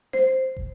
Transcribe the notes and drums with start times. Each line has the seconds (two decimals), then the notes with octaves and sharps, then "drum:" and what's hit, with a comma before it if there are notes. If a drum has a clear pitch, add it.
0.13 C5, drum: snare
0.57 drum: kick